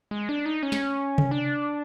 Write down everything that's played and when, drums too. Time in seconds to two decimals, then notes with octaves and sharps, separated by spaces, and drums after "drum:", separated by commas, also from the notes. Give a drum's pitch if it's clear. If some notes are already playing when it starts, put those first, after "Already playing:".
0.11 G#3
0.29 D4
0.46 D#4
0.63 C#4
0.72 drum: snare
1.18 drum: tom C3
1.31 D4